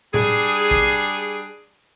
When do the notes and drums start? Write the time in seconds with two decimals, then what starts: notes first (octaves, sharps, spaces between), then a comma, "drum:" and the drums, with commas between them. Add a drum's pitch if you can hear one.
0.14 G3 D4 G#4, drum: tom A2
0.71 drum: kick